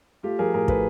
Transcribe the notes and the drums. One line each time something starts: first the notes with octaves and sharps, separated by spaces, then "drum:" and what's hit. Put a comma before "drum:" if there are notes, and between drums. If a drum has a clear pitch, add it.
A3 F4 G4
F3 G#4 A#4
A2 G#4 A#4
A2 A4 B4, drum: kick